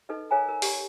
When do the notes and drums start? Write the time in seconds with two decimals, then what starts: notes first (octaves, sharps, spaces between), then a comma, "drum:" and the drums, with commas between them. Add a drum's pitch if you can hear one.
0.09 D#4 A4 B4 D#5
0.31 A4 A#4 C#5 F5 G#5 A#5
0.49 A#4
0.62 G4, drum: open hi-hat